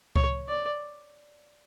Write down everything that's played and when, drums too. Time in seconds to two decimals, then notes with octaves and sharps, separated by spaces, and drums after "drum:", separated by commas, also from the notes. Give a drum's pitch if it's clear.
0.16 C#5, drum: kick C#2
0.48 D5